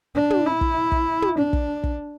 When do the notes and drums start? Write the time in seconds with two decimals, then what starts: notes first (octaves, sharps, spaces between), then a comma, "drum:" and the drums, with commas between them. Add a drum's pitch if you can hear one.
0.15 D4
0.30 drum: tom
0.46 E4
0.61 drum: kick
0.92 drum: kick
1.22 drum: tom
1.38 D4
1.53 drum: kick
1.83 drum: kick